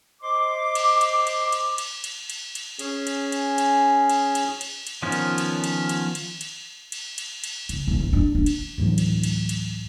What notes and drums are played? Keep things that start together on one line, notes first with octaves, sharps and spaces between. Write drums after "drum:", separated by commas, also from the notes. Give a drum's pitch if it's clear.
C5 D#5 C6 D6
drum: cymbal
drum: cymbal
drum: cymbal
drum: cymbal
drum: cymbal
drum: cymbal
drum: cymbal
drum: cymbal
C#4 G#4, drum: cymbal
drum: cymbal
drum: cymbal
drum: cymbal
drum: cymbal
drum: cymbal
drum: cymbal
drum: cymbal
D#3 F3 B3 C#4 F4
drum: cymbal
drum: cymbal
drum: cymbal
drum: cymbal
drum: cymbal
drum: cymbal
drum: cymbal
drum: cymbal
drum: cymbal
C#3, drum: cymbal
B1
E2
D4
D4
drum: cymbal
D2 A2 E3 F#3
drum: cymbal
drum: cymbal
drum: cymbal